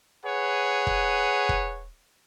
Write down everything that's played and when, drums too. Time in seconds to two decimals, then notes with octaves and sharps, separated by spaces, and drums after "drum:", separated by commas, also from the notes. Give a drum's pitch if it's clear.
0.24 G#4 B4 C#5 F#5
0.87 drum: kick
1.49 drum: kick